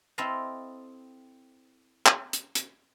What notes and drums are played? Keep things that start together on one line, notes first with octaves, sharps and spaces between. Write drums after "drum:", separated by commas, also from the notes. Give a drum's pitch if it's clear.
C4 E4 A4 D#5 F5
drum: clap
drum: hi-hat
drum: hi-hat